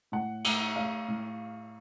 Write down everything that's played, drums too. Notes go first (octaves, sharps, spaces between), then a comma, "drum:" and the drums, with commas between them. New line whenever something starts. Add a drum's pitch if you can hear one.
A2 F#5
A3, drum: cymbal
A3 F5
A2